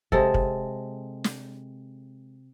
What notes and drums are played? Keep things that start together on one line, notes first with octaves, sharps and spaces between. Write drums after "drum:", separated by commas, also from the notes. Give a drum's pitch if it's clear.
C3 G#3 A4, drum: kick
drum: kick
drum: snare